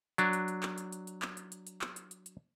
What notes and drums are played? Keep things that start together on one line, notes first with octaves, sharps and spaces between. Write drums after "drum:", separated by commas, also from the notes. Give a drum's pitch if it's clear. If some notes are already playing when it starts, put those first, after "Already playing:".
F#3 D4, drum: hi-hat
drum: hi-hat
drum: hi-hat
drum: clap
drum: hi-hat
drum: hi-hat
drum: hi-hat
drum: clap
drum: hi-hat
drum: hi-hat
drum: hi-hat
drum: clap
drum: hi-hat
drum: hi-hat
drum: hi-hat